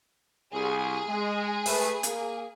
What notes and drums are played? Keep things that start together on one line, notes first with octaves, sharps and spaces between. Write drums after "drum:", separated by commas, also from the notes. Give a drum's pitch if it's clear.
C2 G#4
G#3
A3 B4, drum: open hi-hat
A#3, drum: hi-hat